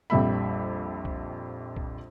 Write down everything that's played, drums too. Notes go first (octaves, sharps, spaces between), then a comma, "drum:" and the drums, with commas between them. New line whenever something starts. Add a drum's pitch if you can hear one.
A#1 F2 G3 E5 B5
drum: kick B1
drum: kick B1